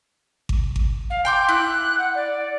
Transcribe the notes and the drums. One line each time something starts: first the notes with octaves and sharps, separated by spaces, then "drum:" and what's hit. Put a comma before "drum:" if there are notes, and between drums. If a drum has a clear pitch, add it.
drum: kick G#1
drum: kick G#1
F5
G5 C6 D6 G6
E4 F#6
F#5
D5